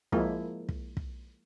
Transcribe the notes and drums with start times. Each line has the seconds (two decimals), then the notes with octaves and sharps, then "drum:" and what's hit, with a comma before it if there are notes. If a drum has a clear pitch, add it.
0.12 F3 G#3 A#3 E4, drum: kick
0.69 drum: kick
0.97 drum: kick